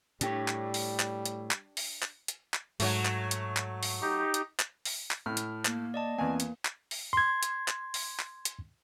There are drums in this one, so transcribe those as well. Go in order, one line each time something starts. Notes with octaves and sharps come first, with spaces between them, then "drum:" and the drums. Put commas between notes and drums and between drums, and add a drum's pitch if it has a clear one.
A2 G3 D4 G4 C#5, drum: hi-hat
drum: clap
drum: open hi-hat
drum: clap
drum: hi-hat
drum: clap
drum: open hi-hat
drum: clap
drum: hi-hat
drum: clap
G#2 F#3 A3, drum: open hi-hat
drum: clap
drum: hi-hat
drum: clap
drum: open hi-hat
D#4 G4
drum: hi-hat
drum: clap
drum: open hi-hat
drum: clap
A2 F6
drum: hi-hat
A#3, drum: clap
D5 D#5 A5
E2 A#3 C4 G#5
drum: hi-hat
drum: clap
drum: open hi-hat
C6 G#6
drum: hi-hat
drum: clap
drum: open hi-hat
drum: clap
drum: hi-hat